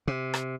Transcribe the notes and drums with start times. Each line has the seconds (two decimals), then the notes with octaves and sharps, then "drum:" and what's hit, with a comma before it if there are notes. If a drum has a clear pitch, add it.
0.08 C3
0.34 drum: rim click